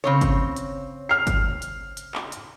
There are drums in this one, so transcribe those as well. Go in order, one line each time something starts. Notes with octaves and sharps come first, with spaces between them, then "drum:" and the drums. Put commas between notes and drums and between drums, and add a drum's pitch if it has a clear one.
C#3 C4 C#5
drum: kick G1, hi-hat
drum: hi-hat
F6 C7
drum: kick G1, hi-hat
drum: hi-hat
drum: hi-hat
drum: clap
drum: hi-hat